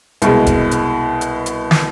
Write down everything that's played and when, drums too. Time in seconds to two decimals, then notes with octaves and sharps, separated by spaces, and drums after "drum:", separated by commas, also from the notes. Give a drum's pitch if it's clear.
0.22 C2 B2 G#3, drum: hi-hat
0.46 drum: kick E1, hi-hat
0.71 drum: hi-hat
1.21 drum: hi-hat
1.46 drum: hi-hat
1.71 drum: snare